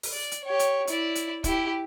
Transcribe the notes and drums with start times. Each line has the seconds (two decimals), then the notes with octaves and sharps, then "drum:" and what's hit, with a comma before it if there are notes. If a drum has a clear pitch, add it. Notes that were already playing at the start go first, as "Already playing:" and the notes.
0.03 drum: open hi-hat
0.13 D5
0.31 drum: hi-hat
0.44 G4 C#5
0.59 drum: hi-hat
0.87 E4 D5, drum: hi-hat
1.15 drum: hi-hat
1.44 E4 G4, drum: kick, hi-hat